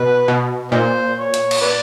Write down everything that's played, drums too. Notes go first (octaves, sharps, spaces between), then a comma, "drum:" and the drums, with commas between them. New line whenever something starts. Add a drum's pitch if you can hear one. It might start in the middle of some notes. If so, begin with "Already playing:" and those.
Already playing: B2 B4
B2
A#2 D#4 C5
C#5
drum: hi-hat
drum: cymbal
B4 D5